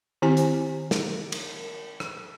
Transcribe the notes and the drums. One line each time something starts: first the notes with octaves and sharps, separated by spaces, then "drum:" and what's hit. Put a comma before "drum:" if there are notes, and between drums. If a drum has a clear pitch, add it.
D#3 C4 E4 G4 G#5
drum: hi-hat
drum: snare
drum: cymbal
drum: rim click